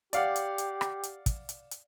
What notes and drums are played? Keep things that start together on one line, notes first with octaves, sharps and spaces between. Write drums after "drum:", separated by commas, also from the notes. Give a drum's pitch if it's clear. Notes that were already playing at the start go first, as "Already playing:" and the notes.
G4 D5 F5 F#5, drum: hi-hat
drum: hi-hat
drum: hi-hat
drum: rim click
drum: hi-hat
drum: kick, hi-hat
drum: hi-hat
drum: hi-hat